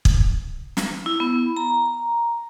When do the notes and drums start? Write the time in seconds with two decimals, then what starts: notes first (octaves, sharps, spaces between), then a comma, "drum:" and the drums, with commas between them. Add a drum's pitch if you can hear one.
0.05 drum: kick
0.77 drum: snare
1.06 E4
1.20 B3
1.57 A#5